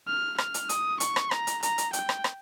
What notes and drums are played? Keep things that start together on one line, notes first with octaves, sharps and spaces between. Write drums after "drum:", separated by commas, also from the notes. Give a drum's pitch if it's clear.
F6
F6, drum: rim click
drum: hi-hat
D#6, drum: hi-hat
C#6, drum: hi-hat
drum: rim click
A#5, drum: rim click
drum: hi-hat
A#5, drum: hi-hat
drum: hi-hat
G5, drum: hi-hat
drum: rim click
drum: rim click